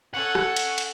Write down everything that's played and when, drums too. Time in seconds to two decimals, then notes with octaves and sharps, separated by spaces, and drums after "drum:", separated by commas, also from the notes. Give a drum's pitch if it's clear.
0.14 C#4 A4 F#5
0.35 drum: rim click
0.56 drum: cymbal
0.78 drum: cymbal